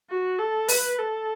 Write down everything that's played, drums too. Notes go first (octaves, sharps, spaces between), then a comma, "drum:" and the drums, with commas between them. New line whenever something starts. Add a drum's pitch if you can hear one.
F#4
A4
B4, drum: open hi-hat
A4